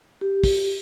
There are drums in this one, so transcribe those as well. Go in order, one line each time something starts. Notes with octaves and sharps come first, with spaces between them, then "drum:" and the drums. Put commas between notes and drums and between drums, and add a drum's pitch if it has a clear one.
G4
drum: kick, open hi-hat